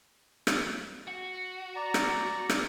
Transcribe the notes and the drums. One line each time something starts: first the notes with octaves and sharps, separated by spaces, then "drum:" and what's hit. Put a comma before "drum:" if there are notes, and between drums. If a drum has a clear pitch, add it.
drum: rim click
F#4
D5 A#5
drum: rim click
drum: rim click